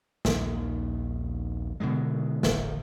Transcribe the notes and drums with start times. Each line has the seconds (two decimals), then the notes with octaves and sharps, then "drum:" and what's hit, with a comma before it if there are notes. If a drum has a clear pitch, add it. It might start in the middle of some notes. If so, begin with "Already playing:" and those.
0.25 A#1 D#2 D#3, drum: snare
1.80 B2 D3 D#3 G#3
2.43 D1 G#1 D#3, drum: snare